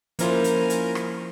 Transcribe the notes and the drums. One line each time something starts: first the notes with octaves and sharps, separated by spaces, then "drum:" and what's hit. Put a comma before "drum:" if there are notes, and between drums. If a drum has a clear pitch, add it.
F3 A#3 C#4 E4 F4 A#4 C5, drum: hi-hat
drum: hi-hat
drum: hi-hat
drum: rim click